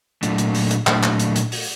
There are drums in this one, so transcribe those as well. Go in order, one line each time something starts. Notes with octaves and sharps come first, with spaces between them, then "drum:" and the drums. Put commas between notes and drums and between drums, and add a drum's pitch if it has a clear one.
A#2 F#3 A3 D4, drum: hi-hat
drum: hi-hat
drum: open hi-hat
drum: hi-hat
A#2 F#3 A3 D4, drum: clap
drum: clap
drum: hi-hat
drum: hi-hat
drum: open hi-hat